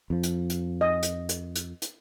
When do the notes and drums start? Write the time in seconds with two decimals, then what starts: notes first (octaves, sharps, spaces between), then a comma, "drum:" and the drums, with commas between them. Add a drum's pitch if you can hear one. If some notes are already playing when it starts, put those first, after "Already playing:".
0.10 F2 F3
0.23 drum: hi-hat
0.50 drum: hi-hat
0.81 D#5
1.03 drum: hi-hat
1.29 drum: hi-hat
1.56 drum: hi-hat
1.82 drum: hi-hat